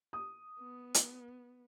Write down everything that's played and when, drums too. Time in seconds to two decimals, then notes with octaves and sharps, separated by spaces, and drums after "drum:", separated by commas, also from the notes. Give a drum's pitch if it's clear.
0.13 D#6
0.60 B3
0.94 drum: hi-hat